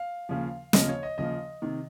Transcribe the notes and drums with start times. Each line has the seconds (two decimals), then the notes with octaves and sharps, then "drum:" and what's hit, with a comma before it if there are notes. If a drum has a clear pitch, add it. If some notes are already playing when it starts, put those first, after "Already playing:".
Already playing: F5
0.29 D#2 C#3 F3
0.73 D#2 C#3 F3 D#5, drum: snare
0.88 C#5
1.03 D#5
1.17 D#2 C#3 F3 D#5
1.62 C3 D#3